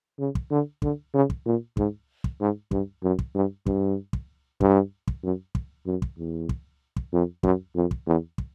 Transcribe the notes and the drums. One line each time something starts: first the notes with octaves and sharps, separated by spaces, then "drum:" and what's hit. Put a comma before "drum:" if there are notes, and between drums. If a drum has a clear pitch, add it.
C#3
drum: kick
D3
D3, drum: kick
C#3
drum: kick
A#2
G#2, drum: kick
drum: kick
G#2
G2, drum: kick
F#2
drum: kick
G2
G2, drum: kick
drum: kick
G2, drum: kick
drum: kick
F#2
drum: kick
F#2
drum: kick
E2
drum: kick
drum: kick
F2
F#2, drum: kick
F2
drum: kick
E2
drum: kick